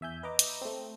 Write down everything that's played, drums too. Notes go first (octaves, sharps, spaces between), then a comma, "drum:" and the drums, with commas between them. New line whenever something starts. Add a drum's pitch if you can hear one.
E2 E5 G#5 G6
B4 D#5 E5 A#5 D6
drum: hi-hat
A3 C4